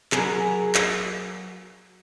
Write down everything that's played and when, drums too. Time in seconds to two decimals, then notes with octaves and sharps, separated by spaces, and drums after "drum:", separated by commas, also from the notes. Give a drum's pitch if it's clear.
0.12 F#3 G#4 A#4, drum: clap
0.75 drum: clap